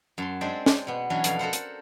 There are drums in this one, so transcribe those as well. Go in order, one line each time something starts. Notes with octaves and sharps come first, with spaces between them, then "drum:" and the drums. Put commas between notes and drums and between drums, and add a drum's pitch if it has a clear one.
F#2 A5 C6
G#3 C4 D4 C5 D5 E5
drum: snare
B2 B3
E3 F#3 C#4 D4
F2 B2 D5 F5, drum: hi-hat
A4 A#4 C5 F#5
drum: hi-hat